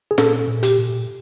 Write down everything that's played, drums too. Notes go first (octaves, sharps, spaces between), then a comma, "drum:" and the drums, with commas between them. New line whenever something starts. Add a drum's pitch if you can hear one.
G#4
A#2 A4, drum: snare
A#2
G4, drum: hi-hat
A#2